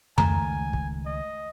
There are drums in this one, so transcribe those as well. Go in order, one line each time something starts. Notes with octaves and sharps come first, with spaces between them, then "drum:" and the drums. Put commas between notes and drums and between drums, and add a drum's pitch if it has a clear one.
C#2 D#3 A3 G#5 A#5, drum: tom F2
drum: kick
D#5